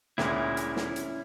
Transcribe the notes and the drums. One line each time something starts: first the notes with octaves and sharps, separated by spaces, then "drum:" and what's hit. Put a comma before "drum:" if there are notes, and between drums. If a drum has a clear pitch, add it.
D2 A#2 G#3 C#4 E4, drum: snare
drum: hi-hat
drum: snare
drum: hi-hat